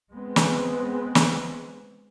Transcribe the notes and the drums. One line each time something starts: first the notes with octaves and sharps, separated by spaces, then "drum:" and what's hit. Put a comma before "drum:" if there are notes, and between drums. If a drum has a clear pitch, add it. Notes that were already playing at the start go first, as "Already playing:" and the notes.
G#3 B3 C4
drum: snare
drum: snare